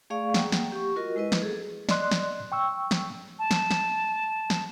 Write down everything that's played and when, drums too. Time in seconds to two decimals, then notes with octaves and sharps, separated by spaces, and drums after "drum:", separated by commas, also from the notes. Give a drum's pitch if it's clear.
0.10 A3 G#4 D5 F5 C#6
0.34 A#3 F#5 G5, drum: snare
0.52 drum: snare
0.72 G4 C#6
0.96 F4 F#4 A#4 D#5
1.16 G#3 E4 B4 D#5
1.32 drum: snare
1.42 G#4 A4
1.89 D5 D#5 C6 F#6, drum: snare
2.11 drum: snare
2.52 G5 C#6 E6
2.91 drum: snare
3.39 A5
3.51 drum: snare
3.71 drum: snare
4.50 drum: snare